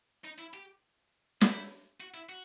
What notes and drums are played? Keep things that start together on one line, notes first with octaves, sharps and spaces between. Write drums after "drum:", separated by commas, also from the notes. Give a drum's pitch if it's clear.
D#4
E4
G4
E4, drum: snare
F#4
E4
F#4